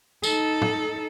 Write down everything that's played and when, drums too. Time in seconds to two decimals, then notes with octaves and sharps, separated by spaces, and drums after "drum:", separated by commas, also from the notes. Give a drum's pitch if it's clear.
0.24 D#4 A4, drum: tambourine
0.62 drum: tom A2